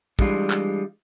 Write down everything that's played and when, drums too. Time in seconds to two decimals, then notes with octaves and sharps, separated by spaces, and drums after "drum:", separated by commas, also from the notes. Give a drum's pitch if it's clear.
0.19 E3 G3 G#3 D4 F4, drum: kick
0.50 drum: clap